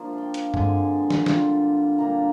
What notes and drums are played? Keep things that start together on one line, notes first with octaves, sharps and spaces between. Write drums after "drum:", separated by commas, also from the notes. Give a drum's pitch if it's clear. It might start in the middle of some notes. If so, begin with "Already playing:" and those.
Already playing: F3 A#3 D4
F5
G5
drum: hi-hat
D3 G#3 C4 G#5, drum: tom G2
drum: snare
D3 G3 C4 F4, drum: snare
A#2 G3 A#3 D4 A#5